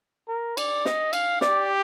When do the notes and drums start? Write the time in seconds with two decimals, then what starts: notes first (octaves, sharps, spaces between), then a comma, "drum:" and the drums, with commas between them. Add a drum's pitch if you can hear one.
0.28 A#4
0.57 D5, drum: cymbal
0.85 D#5, drum: snare
1.13 F5, drum: cymbal
1.41 G4 D5, drum: snare